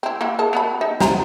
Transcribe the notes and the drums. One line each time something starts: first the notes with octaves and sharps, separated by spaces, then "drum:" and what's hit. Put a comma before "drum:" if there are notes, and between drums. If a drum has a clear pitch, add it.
C4 E4
A#3 E4 F#4
G#4 A#4 A5
B3 F#4 B5
D#4 E5
B3 C5 A#5, drum: snare